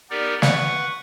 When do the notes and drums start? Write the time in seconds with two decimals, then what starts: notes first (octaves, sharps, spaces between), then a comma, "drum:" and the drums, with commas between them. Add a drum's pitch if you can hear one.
0.10 B3 D#4 G4 A#4 D5
0.42 B4 F#5 C#6, drum: snare